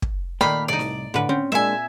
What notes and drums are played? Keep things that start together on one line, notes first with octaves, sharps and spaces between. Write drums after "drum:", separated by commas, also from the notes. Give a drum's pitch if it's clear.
drum: kick
A#2 D#3 A3 A#3 D5 F5 G5 B5
C2 A2 D#4 D5
drum: snare D#4
A2 D3 B4
C4 C#4
A#2 G#3 A#3 D4 E5 G#5